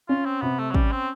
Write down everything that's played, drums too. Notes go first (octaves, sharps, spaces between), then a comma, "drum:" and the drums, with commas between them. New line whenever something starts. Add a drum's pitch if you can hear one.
C#4 F4
C4
C3 B3
A3
F#3
G3 C#4, drum: kick
C4